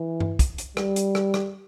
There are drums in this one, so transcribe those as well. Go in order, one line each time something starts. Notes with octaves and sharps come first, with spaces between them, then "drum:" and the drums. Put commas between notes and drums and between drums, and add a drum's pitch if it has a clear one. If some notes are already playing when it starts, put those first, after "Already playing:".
Already playing: E3
drum: tom G2
drum: kick, hi-hat
drum: hi-hat
G3, drum: rim click
drum: hi-hat
drum: rim click
drum: rim click